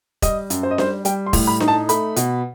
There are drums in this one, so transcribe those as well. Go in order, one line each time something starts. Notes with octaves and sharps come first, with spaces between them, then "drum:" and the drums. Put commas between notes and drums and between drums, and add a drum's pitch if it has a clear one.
G3 D#5, drum: kick E1, hi-hat
F#2, drum: hi-hat
C5
D#5
G3 C5, drum: snare D4
G3 G5, drum: hi-hat
C6
A2, drum: kick E1, open hi-hat
B5
D#4, drum: snare D4
A5
A3 B5, drum: hi-hat
B2, drum: hi-hat